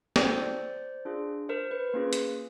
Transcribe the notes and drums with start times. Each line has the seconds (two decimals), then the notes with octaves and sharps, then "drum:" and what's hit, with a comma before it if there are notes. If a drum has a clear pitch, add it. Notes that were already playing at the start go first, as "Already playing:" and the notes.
0.16 C4 D#4 F#4 A4 C5 D5, drum: snare
1.05 D4 F4 G#4
1.49 A#4 C5
1.71 B4
1.94 A#3 C#4 F4 G#4
2.13 drum: hi-hat